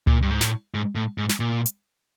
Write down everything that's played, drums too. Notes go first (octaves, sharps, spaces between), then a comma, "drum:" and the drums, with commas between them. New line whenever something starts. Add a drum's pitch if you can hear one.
A#2, drum: tom C#2
G2
G#2
A2, drum: snare
G#2
A2
G#2
drum: snare
A#2
drum: hi-hat